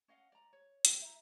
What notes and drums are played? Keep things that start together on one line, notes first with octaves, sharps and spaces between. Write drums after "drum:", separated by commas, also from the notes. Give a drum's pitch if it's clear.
C#4 D#5 F5 F#5
D5 A#5
C#5
F#4 G#4 C#5 G5, drum: hi-hat
D#4 E4 E5 A#5